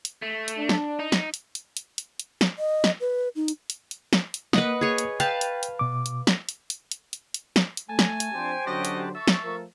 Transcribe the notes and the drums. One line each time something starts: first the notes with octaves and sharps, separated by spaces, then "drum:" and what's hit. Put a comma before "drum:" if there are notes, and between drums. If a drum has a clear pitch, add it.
drum: hi-hat
A3
drum: hi-hat
D4
drum: snare
D#4
drum: snare
drum: hi-hat
drum: hi-hat
drum: hi-hat
drum: hi-hat
drum: hi-hat
drum: snare
D#5
drum: snare
B4
D#4
drum: hi-hat
drum: hi-hat
drum: hi-hat
drum: snare
drum: hi-hat
A#3 B4 D#5 F#5 D#6, drum: snare
G#4 C#5
drum: hi-hat
B4 F5 G5 A5 G6, drum: hi-hat
drum: hi-hat
drum: hi-hat
B2 D6
drum: hi-hat
drum: snare
drum: hi-hat
drum: hi-hat
drum: hi-hat
drum: hi-hat
drum: hi-hat
drum: snare
drum: hi-hat
A3 G#5 A5
drum: snare
drum: hi-hat
F3 C4 D4 G4 C5
D3 F#3 C#4 F#4 D#5 A5
drum: hi-hat
A4 E5 C#6
drum: snare
F3 A3 A#4